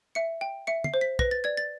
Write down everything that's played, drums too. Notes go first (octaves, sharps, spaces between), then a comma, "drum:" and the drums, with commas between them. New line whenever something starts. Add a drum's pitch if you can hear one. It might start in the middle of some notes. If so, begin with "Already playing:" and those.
E5 C#7
G5
E5 C#7
C7, drum: tom
C5
B6
B4 A#6, drum: kick
A6
D5 G#6
A6